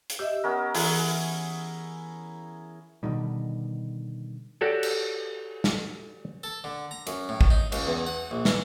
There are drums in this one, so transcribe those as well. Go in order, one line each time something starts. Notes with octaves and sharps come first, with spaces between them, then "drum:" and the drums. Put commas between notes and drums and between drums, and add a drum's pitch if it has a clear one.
drum: hi-hat
G4 D#5 E5 E6
B3 C#4 A#4
E3 E4 G#4 F#6, drum: open hi-hat
B2 D3 D#3 G3
F#4 G4 A4 C#5 D5
drum: cymbal
drum: snare
A4
D3
A#5
F#2, drum: hi-hat
A2
drum: kick
D#4
C#2, drum: cymbal
E2
F#5
A#1
E3, drum: snare